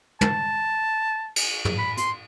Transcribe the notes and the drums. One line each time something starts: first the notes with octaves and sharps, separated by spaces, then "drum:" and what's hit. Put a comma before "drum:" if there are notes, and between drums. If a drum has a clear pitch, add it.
A5, drum: tom
drum: cymbal
drum: tom
B5
C6, drum: hi-hat